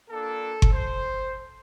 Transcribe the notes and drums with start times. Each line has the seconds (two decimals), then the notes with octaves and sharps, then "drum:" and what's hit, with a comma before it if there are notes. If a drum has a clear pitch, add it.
0.10 A#3 D4 F4 A4
0.62 drum: kick G1
0.72 C5